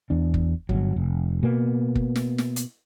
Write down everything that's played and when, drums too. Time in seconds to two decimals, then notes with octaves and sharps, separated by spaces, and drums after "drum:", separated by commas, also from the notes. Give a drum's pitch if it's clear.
0.10 E2 D4
0.34 drum: kick
0.69 G1 C2 F#3, drum: kick
0.96 F1
1.43 B2 A#3 B3
1.95 drum: kick
2.16 drum: snare
2.38 drum: snare
2.56 drum: hi-hat